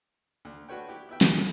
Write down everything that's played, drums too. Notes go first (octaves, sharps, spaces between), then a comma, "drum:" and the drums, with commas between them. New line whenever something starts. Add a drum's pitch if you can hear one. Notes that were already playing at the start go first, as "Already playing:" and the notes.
D2
D4 F#4 B4 C#5 G5
E4 G4
B3 E4 E5 G5
G#5, drum: snare
A2 C#3